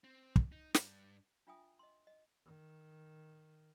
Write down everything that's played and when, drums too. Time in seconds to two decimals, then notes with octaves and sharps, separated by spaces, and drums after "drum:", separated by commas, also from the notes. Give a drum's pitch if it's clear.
0.04 C4
0.36 drum: kick
0.52 D#4
0.74 G2, drum: snare
1.47 D4 F4 E5 G5 G#5 D#6
1.79 D#5 C6
2.07 D#5
2.45 D#3